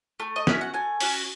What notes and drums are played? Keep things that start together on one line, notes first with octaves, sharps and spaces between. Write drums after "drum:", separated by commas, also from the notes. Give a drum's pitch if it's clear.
A3
D#5
C#4 F#4 E5, drum: snare
F#5
A3 G#5
C#4 F#4, drum: open hi-hat